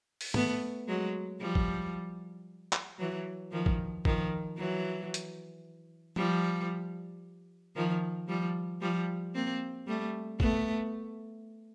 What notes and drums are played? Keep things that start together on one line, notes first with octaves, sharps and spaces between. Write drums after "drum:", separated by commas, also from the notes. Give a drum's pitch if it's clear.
drum: open hi-hat
A3 B3, drum: tom
F#3 G#3
F3 G3
drum: kick
drum: clap
E3 F#3
D#3 F3
drum: kick
D#3 F3, drum: kick
E3 F#3
drum: hi-hat
F3 G3, drum: tom
D#3 F3
F3 G3
F3 G3
A#3 C4
G3 A3
A3 B3, drum: kick